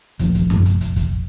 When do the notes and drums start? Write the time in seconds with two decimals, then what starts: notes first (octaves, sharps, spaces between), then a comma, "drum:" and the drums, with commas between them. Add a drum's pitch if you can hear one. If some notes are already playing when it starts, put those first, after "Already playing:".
0.19 F1 A#1 F3, drum: hi-hat
0.35 drum: kick, hi-hat
0.50 drum: tom F#2
0.66 drum: hi-hat
0.81 drum: hi-hat
0.96 drum: kick, hi-hat